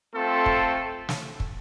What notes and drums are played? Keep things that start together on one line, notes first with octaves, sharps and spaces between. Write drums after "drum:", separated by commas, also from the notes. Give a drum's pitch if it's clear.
A3 C4 F4 A4
drum: kick
drum: snare
drum: kick